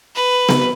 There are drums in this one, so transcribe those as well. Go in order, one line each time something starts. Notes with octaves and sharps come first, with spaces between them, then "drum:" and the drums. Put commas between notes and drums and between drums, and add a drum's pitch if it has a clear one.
B4
drum: snare B3